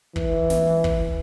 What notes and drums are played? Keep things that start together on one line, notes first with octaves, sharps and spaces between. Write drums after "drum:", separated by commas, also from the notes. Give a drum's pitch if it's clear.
E3, drum: kick
drum: snare
drum: kick